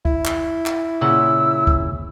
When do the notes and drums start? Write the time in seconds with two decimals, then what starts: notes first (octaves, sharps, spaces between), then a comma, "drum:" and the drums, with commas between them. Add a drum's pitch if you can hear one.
0.05 E4, drum: kick
0.25 drum: clap
0.66 drum: clap
1.01 A#2 C#3 F#5 E6
1.67 drum: kick